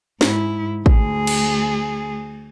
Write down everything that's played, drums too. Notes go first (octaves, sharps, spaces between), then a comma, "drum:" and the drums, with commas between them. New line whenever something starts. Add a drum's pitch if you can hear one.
G#2 E4, drum: snare
D2 G#4, drum: kick
drum: cymbal